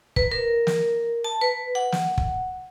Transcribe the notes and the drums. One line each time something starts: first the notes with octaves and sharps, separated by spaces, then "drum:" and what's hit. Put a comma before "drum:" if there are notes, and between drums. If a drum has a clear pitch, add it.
B4, drum: kick
A#4
drum: snare
A5
B4
F#5
drum: snare
drum: kick